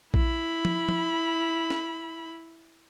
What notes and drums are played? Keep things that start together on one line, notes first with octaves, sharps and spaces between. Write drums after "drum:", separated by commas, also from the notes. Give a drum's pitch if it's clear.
E4 B5, drum: kick A#1
drum: tom F3
drum: tom F3
drum: snare